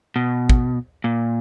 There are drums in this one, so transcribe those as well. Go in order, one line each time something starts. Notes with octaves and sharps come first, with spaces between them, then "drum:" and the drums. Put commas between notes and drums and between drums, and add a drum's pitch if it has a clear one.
B2
drum: kick
A#2